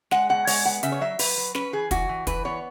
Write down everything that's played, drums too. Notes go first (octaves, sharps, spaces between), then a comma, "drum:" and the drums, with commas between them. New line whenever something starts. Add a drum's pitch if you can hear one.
G#3 F#5, drum: snare
B2 F#5
G#3 C#5, drum: open hi-hat
B3 F#5
C#3 E5, drum: hi-hat
C#5
F#3 E5
F#3 B4, drum: open hi-hat
F#3
C#4 B4, drum: snare
E3 G#4
E3 F#4, drum: kick, hi-hat
E3
E3 B4, drum: kick, hi-hat
B3 C#5